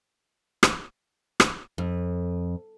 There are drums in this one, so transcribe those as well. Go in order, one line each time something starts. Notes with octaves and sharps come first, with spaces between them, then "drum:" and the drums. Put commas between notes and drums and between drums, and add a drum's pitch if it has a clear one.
drum: rim click
drum: rim click
F2